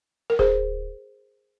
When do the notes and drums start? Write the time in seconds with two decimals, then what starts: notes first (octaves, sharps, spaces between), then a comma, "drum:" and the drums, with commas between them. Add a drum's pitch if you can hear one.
0.30 A#4
0.39 G#4 C5, drum: kick D1